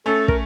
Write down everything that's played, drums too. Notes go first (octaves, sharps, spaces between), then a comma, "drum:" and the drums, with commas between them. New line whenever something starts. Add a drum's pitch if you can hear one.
A3 C#4 A4
A#4, drum: kick